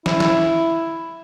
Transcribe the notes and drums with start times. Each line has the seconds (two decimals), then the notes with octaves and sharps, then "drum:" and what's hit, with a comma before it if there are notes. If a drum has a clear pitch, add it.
0.06 E4, drum: snare
0.20 drum: snare